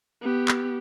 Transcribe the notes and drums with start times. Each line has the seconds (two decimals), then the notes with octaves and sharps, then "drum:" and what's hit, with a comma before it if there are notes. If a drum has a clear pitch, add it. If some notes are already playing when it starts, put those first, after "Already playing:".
0.22 B3 G4
0.48 drum: clap